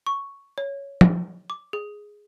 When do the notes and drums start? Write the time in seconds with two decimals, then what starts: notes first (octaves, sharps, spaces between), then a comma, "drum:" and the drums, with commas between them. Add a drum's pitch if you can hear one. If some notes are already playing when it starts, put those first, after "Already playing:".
0.07 C#6
0.58 C#5
1.01 drum: tom F3
1.50 D6
1.73 G#4